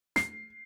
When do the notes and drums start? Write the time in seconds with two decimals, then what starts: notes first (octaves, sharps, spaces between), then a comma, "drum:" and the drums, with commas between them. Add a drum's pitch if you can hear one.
0.16 C7, drum: snare